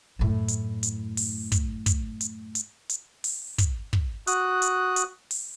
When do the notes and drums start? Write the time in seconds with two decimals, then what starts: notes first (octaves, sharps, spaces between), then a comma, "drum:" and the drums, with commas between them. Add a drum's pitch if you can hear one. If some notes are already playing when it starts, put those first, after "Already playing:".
0.19 F#2 A2
0.48 drum: hi-hat
0.83 drum: hi-hat
1.17 drum: open hi-hat
1.52 drum: kick, hi-hat
1.86 drum: kick, hi-hat
2.21 drum: hi-hat
2.55 drum: hi-hat
2.89 drum: hi-hat
3.24 drum: open hi-hat
3.58 drum: kick, hi-hat
3.93 drum: kick
4.27 F#4 D#6 F#6, drum: hi-hat
4.62 drum: hi-hat
4.96 drum: hi-hat
5.31 drum: open hi-hat